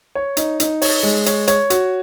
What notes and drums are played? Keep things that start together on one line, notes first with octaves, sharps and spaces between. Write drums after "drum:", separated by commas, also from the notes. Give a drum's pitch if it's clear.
C#5
D#4, drum: hi-hat
D#4, drum: hi-hat
C#5, drum: open hi-hat
G#3
C#5, drum: hi-hat
C#5, drum: hi-hat
F#4, drum: hi-hat